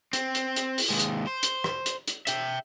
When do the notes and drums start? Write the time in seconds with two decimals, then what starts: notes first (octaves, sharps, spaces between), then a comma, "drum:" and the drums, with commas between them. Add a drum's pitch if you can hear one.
0.13 C4, drum: hi-hat
0.35 drum: hi-hat
0.56 drum: hi-hat
0.78 drum: open hi-hat
0.90 D#2 G#3
1.00 drum: hi-hat
1.27 C5
1.43 drum: hi-hat
1.64 drum: rim click
1.86 drum: hi-hat
2.07 drum: hi-hat
2.27 E5 G5, drum: hi-hat